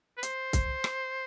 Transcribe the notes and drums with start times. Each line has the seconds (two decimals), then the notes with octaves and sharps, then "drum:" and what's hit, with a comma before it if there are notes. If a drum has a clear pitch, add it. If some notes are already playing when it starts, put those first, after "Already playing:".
0.18 B4
0.23 C5, drum: hi-hat
0.53 drum: kick C2, hi-hat
0.84 drum: rim click